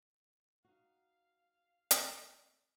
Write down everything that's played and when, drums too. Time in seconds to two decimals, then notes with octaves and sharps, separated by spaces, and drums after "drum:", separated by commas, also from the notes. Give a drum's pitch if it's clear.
0.64 D#4 F#4 F5
1.91 drum: hi-hat